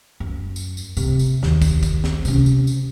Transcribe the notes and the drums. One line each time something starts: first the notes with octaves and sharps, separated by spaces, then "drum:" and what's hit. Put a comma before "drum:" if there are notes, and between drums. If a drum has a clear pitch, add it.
F#2
drum: tambourine
drum: tambourine
C3, drum: tambourine
drum: tambourine
D#2, drum: snare
drum: kick, tambourine
drum: kick, tambourine
drum: snare
C3 C#4, drum: tambourine
drum: tambourine
drum: tambourine